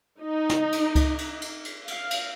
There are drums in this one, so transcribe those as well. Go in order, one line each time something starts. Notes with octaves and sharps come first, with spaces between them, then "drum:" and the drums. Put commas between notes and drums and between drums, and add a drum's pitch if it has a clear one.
D#4
drum: snare
drum: cymbal
drum: kick C#2, cymbal
drum: cymbal
drum: cymbal
drum: cymbal
F5, drum: cymbal
drum: cymbal